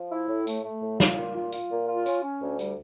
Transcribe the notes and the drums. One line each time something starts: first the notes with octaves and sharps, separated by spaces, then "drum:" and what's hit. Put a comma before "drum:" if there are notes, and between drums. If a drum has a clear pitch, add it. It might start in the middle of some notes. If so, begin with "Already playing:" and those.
Already playing: F3
E4
A2
A3, drum: tambourine
A3
A2
F4, drum: snare
A#2
F4
F4, drum: tambourine
A#2
F4
C#4, drum: tambourine
C#4
D2
G3, drum: tambourine